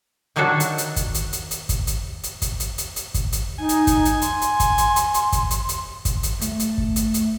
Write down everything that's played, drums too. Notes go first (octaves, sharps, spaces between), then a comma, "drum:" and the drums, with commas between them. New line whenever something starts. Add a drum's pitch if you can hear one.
D3 D#3 F#3 D4 F#4 A4
drum: hi-hat
drum: hi-hat
drum: kick, hi-hat
drum: hi-hat
drum: hi-hat
drum: hi-hat
drum: kick, hi-hat
drum: hi-hat
drum: hi-hat
drum: kick, hi-hat
drum: hi-hat
drum: hi-hat
drum: hi-hat
drum: kick, hi-hat
drum: hi-hat
D#4 G#5
drum: hi-hat
drum: kick, hi-hat
drum: hi-hat
C6, drum: hi-hat
drum: hi-hat
drum: kick, hi-hat
drum: hi-hat
drum: hi-hat
drum: hi-hat
drum: kick, hi-hat
drum: hi-hat
drum: hi-hat
drum: kick, hi-hat
drum: hi-hat
A3, drum: hi-hat
drum: hi-hat
drum: kick
drum: hi-hat
drum: hi-hat